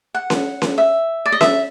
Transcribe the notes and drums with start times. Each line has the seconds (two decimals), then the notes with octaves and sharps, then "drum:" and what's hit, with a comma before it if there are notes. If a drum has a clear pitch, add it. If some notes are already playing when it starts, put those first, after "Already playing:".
0.14 F#5
0.30 drum: snare C#4
0.62 drum: snare C#4
0.78 E5
1.26 D5
1.32 D#5
1.41 E5, drum: snare C#4